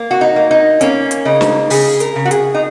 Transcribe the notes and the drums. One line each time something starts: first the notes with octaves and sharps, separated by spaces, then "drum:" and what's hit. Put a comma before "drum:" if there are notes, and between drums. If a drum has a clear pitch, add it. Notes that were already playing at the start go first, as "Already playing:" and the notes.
Already playing: A#3
F#4
D#4
A#3
D#4
A#3 C#4, drum: hi-hat
drum: hi-hat
C#3 D#4
drum: snare
C#3 G#4, drum: open hi-hat
A#4, drum: hi-hat
C#3
F#4
G#4, drum: hi-hat
D#4